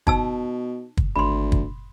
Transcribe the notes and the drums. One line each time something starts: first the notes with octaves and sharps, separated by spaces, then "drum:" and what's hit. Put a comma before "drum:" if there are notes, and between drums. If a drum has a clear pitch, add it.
B2 D#4 A5 E6, drum: kick
drum: kick
G#1 D2 B5 C6
drum: kick